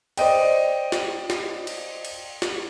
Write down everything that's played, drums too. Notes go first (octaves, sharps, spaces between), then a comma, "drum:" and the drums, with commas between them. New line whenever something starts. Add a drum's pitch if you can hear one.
C5 D5 D#5 G5, drum: cymbal
drum: snare
drum: snare
drum: cymbal
drum: cymbal
drum: snare